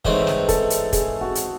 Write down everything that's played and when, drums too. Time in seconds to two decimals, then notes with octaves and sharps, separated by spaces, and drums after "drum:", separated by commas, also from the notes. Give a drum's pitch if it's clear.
0.05 G#2 E3 A3 C4 C#5, drum: kick
0.27 drum: snare
0.49 A4, drum: kick, hi-hat
0.70 drum: hi-hat
0.93 G#4, drum: kick, hi-hat
1.21 F#4
1.35 drum: hi-hat